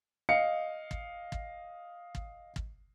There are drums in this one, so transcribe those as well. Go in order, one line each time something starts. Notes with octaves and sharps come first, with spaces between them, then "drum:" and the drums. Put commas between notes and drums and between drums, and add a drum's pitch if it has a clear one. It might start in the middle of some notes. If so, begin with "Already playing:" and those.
D#5 F5 C#7
drum: kick
drum: kick
drum: kick
drum: kick